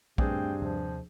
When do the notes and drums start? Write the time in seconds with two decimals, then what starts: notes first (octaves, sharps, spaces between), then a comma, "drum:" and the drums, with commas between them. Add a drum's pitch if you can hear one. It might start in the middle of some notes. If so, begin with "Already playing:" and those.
0.18 G2 A3 C4 D4 G#4 G5, drum: kick A#1
0.62 D#2 C3 F3